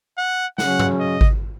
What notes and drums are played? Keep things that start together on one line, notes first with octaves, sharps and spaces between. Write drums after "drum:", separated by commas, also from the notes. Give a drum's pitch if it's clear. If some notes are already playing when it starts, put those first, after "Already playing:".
F#5
C#3 F#3 C#4 F#5, drum: snare
drum: tom G2
D#5
drum: kick G#1